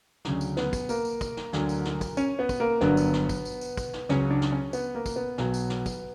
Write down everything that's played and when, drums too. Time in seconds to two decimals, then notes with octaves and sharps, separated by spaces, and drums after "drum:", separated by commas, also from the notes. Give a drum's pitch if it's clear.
0.25 D2 C#3 F#3, drum: snare
0.41 drum: tambourine
0.57 B3, drum: snare
0.73 drum: kick, tambourine
0.89 A#3, drum: tambourine
1.05 drum: tambourine
1.21 drum: kick, tambourine
1.37 drum: snare
1.53 D2 D3 F#3, drum: snare
1.69 drum: tambourine
1.85 drum: snare
2.01 drum: kick, tambourine
2.17 C#4, drum: tambourine
2.39 B3
2.49 drum: kick, tambourine
2.60 A#3
2.81 G1 G2 D3 F#3 B3, drum: snare
2.97 drum: tambourine
3.13 drum: snare
3.29 drum: kick, tambourine
3.45 drum: tambourine
3.61 drum: tambourine
3.77 drum: kick, tambourine
3.93 drum: snare
4.09 C#2 C#3 F#3 C#4, drum: snare
4.30 D4
4.42 drum: snare
4.52 C#4
4.73 B3, drum: tambourine
4.95 A#3
5.06 drum: kick, tambourine
5.16 B3
5.38 B1 B2 F#3, drum: snare
5.54 drum: tambourine
5.70 drum: snare
5.86 drum: kick, tambourine